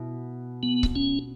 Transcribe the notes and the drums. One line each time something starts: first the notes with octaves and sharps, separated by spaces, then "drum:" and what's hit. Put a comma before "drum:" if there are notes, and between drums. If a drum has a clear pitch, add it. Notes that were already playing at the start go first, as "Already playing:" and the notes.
Already playing: B2 E4
B3
drum: kick C#1
C#4